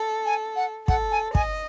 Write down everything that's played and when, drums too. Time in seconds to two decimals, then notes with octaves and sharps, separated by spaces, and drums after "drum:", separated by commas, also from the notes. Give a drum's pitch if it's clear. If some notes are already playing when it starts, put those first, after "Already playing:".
Already playing: A4
0.25 G#5
0.56 F#5
0.88 A4 F#5, drum: kick
1.11 G#5
1.35 D#5 G#5, drum: kick